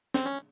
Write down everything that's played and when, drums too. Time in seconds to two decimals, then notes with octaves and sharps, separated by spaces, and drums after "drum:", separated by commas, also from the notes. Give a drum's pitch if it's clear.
0.14 C4, drum: snare
0.26 C#4